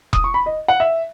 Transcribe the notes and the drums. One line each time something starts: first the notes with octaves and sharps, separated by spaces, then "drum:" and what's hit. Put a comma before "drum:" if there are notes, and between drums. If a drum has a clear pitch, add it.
D#6, drum: kick E1
C#6
B5
D#5
F#5
E5